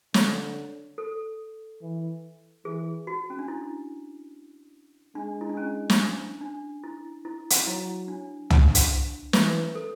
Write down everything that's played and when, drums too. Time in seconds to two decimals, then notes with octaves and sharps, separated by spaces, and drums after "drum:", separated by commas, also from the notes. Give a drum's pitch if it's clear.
0.14 D3 C#5, drum: snare
0.98 A4
1.82 E3
2.65 E3 G#4
3.07 F#4
3.30 C#4
3.39 D4
3.48 E4
5.15 G#3 D4
5.41 E4
5.49 D4
5.57 C#4
5.90 drum: snare
5.99 D4
6.41 D4
6.84 E4
7.25 E4
7.50 drum: hi-hat
7.66 F#3 E4
8.08 D4
8.50 D4, drum: tom
8.75 drum: hi-hat
9.33 E3 B4, drum: snare
9.75 A4